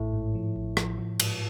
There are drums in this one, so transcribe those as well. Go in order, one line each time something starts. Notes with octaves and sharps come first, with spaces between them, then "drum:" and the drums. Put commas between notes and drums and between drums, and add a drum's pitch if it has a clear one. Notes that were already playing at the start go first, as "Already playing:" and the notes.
Already playing: A1 A2
G#2
F3
A1
F3, drum: rim click
F3
G#2, drum: cymbal